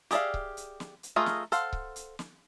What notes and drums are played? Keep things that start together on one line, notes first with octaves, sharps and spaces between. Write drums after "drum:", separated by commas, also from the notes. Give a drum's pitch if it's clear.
G4 G#4 D5 E5 F5, drum: hi-hat
drum: kick C#1
drum: hi-hat
drum: snare
drum: hi-hat
A3 F4 G#4 A#4 D#5
drum: snare
A4 C5 F5 F#5, drum: hi-hat
drum: kick C#1
drum: hi-hat
drum: snare